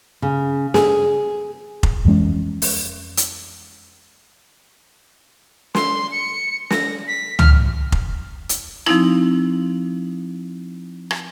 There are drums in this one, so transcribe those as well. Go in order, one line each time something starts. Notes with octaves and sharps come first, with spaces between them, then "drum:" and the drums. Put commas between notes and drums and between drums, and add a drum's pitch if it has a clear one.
C#3
G#4, drum: snare
drum: kick F1
F2 E3 G#3 C#4
drum: open hi-hat
drum: hi-hat
C6, drum: snare
C#7
A#6, drum: snare
B6
F6, drum: tom C#2
drum: kick F1
drum: hi-hat
F3 C4 D#4 E4, drum: rim click
drum: rim click